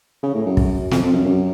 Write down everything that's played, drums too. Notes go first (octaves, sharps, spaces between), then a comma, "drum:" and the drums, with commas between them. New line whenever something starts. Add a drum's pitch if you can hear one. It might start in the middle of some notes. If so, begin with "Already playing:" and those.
C#3
A2
F#2
drum: kick
F2, drum: snare
F2
F#2
F#2